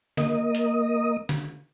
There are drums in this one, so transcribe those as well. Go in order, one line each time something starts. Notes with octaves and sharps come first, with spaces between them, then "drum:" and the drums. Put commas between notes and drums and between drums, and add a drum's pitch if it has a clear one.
A#3 D#5, drum: snare
drum: hi-hat
drum: snare